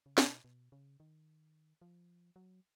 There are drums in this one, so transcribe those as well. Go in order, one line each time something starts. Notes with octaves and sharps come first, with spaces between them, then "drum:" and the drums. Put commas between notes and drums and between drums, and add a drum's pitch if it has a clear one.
C#3
B2, drum: snare
B2
C#3
D#3
F3
F#3